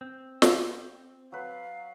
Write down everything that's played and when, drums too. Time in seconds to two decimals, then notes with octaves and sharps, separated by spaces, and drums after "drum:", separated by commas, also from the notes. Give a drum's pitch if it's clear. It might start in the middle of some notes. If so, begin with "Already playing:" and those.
0.01 C4
0.42 drum: snare
1.32 F#3 B4 F5